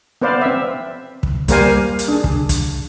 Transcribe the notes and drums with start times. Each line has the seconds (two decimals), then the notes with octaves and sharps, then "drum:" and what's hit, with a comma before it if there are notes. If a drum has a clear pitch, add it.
0.22 B3 B4 C5 D5 F5
0.41 C4 E5
1.23 drum: kick
1.48 G3 A#3 A#4 C5 F5 G#5, drum: kick, hi-hat
1.99 drum: hi-hat
2.08 D4 G#4
2.24 drum: kick
2.49 drum: kick, hi-hat